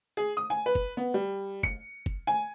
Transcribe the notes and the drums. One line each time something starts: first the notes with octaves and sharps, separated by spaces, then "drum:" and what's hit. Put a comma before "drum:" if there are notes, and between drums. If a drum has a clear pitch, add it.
G#4
D#6
G#5
B4
drum: kick
B3
G3
C#7, drum: kick
drum: kick
G#5